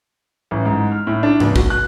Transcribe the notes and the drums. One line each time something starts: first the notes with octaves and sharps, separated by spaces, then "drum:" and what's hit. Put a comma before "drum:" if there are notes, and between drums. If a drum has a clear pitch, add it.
A1
G#2
F6
A2
D4
C#2, drum: tom G#2
F#4, drum: kick
F#6